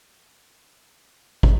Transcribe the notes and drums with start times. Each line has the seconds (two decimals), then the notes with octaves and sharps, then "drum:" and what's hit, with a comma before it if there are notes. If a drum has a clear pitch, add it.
0.17 D#4 D#5
1.43 drum: kick